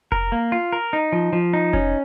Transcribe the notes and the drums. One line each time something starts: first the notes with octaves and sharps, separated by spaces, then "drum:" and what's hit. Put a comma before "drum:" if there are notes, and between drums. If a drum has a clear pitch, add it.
A#4, drum: kick F1
A#3
F4
A#4
D#4
F3
F3
D#4
C#4, drum: kick F1